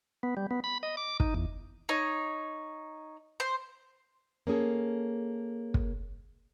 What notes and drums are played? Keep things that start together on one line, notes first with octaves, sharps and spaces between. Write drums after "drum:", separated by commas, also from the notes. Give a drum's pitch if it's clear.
B3
G3
B3
B5
D#5
D6
D#4, drum: kick
E2
D#4 C#5
C5
A#3 C#4 G#4 A4
drum: kick